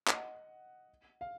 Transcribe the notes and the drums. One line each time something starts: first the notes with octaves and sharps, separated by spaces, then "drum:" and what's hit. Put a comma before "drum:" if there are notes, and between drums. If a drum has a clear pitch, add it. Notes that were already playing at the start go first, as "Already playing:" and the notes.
D#5 F#5, drum: clap
F5